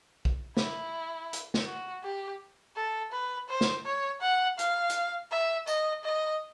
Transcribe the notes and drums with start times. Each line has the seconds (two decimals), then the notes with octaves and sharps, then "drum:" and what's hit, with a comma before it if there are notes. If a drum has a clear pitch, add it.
0.25 drum: kick
0.57 E4, drum: snare
1.33 drum: hi-hat
1.54 drum: snare
1.66 F#4
2.03 G4
2.76 A4
3.12 B4
3.49 C5
3.61 drum: snare
3.85 C#5
4.22 F#5
4.59 F5, drum: hi-hat
4.90 drum: hi-hat
5.31 E5
5.67 D#5, drum: tambourine
6.04 D#5